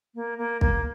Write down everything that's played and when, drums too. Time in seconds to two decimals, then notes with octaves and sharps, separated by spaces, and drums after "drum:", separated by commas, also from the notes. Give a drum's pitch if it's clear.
0.15 A#3
0.38 A#3
0.61 A#3, drum: kick